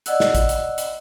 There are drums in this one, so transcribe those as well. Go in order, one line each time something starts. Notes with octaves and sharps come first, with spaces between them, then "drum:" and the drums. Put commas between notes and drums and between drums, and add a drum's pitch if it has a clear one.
D5 D#5 F#5 E6 F#6, drum: hi-hat
drum: snare
drum: kick, hi-hat
drum: hi-hat
drum: hi-hat